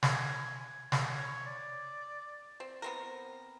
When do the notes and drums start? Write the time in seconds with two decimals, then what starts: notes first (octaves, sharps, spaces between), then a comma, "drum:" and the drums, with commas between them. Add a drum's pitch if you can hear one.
0.03 G#5, drum: snare
0.92 drum: snare
1.08 C#5
1.45 D5
2.60 C4
2.82 B3 C4 A#4